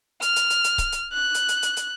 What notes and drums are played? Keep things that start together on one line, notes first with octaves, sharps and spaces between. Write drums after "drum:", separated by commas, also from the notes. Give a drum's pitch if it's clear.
F6, drum: hi-hat
drum: hi-hat
drum: hi-hat
drum: hi-hat
drum: kick C#1, hi-hat
drum: hi-hat
F#6
drum: hi-hat
drum: hi-hat
drum: hi-hat
drum: hi-hat